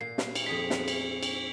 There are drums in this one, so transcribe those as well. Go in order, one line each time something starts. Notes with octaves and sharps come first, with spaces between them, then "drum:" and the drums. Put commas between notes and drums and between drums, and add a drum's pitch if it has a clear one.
A#2 C7
drum: snare
drum: cymbal
F2 G#4 C6 B6
drum: snare
drum: cymbal
drum: cymbal